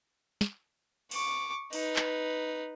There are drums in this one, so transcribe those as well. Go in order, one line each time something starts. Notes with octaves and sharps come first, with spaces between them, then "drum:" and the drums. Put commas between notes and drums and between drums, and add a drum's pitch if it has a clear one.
drum: snare
C#6 D6, drum: open hi-hat
D#4 B4, drum: open hi-hat
drum: clap